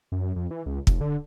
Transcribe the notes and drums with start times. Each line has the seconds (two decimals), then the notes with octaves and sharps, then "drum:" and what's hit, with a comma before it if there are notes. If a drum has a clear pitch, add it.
0.12 F#2
0.36 F2
0.51 E3
0.66 C#2
0.87 F1, drum: kick
1.01 D3